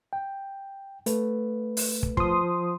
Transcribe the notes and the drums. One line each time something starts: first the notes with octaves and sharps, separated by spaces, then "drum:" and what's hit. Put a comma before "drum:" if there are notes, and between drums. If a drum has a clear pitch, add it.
G5
A3 B4, drum: hi-hat
drum: open hi-hat
drum: kick
F3 C6 D#6, drum: kick